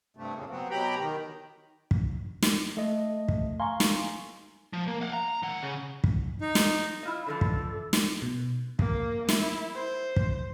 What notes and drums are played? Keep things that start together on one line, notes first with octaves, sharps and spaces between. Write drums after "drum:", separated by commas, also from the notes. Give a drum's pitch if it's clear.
G2 C3 A3
F2 A#2 C#3
F#3 B3 C4
B2 F#3 G4 G5 A#5 B5
D#3
drum: kick
drum: snare
A3 D#5
drum: kick
F5 G#5 A#5 C6 C#6
drum: snare
F3
A#3
F5 F#5
A#5
D#3 F#5
C#3
drum: kick
D#4
drum: snare
E4 F4 D#5
D3 E3 F3 A4
drum: kick
drum: snare
B2
A#3, drum: kick
E4, drum: snare
C5
drum: kick